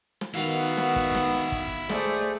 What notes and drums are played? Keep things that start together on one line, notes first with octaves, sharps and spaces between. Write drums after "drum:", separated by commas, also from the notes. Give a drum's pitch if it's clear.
drum: snare
D#3 B3 E4 F#4 F5
drum: snare
drum: kick
drum: snare
drum: kick
A3 G#4 C5 D5, drum: snare